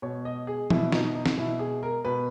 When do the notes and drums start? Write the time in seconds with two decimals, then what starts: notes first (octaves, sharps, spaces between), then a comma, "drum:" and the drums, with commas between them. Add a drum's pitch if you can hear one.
0.02 B2 C#5
0.25 D#5
0.47 G#4
0.70 B2 E4, drum: tom
0.92 D#4, drum: snare
1.15 D#4
1.26 drum: snare
1.38 B2 E4
1.59 G#4
1.83 A#4
2.05 B2 B4